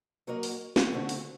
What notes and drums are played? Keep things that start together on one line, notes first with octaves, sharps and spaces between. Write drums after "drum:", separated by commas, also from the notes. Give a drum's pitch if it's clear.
F#3 A#3 F#4 A#4 D#5
drum: open hi-hat
drum: snare
D3 A3 C4 F#4
drum: open hi-hat